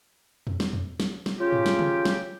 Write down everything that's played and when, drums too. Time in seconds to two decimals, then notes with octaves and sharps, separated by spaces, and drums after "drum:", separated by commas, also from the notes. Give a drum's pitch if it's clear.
0.47 drum: tom E2
0.60 drum: snare
0.73 drum: tom E2
1.00 drum: snare
1.26 drum: snare
1.39 C#3 F4 G4
1.53 drum: tom G#2
1.66 drum: snare
1.79 drum: tom C#3
2.05 drum: snare